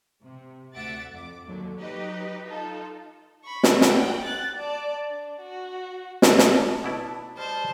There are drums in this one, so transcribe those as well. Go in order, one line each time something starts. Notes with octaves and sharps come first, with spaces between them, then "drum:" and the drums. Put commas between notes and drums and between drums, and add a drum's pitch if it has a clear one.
C3
D2 E5 F#5 D6 A6
F2 D6
D#2 D3 F#3
F#3 D#4 G4 B4 D#5
D#4 F4 A4
B5 C#6
drum: snare
F#5 G5, drum: snare
F#6 A6
D5 A5
D4
F#4
drum: snare
drum: snare
D4
B2 E4 D5
G3 C5 D#5 A5